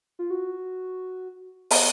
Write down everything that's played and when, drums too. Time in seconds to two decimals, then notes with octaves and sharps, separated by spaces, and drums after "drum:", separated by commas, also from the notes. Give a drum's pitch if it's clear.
0.19 F4
0.30 F#4
1.71 B3, drum: open hi-hat